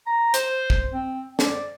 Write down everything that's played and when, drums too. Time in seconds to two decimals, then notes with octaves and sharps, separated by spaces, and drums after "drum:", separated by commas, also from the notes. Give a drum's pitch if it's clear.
0.07 A#5
0.34 C5, drum: hi-hat
0.70 drum: kick
0.93 C4
1.39 D5, drum: snare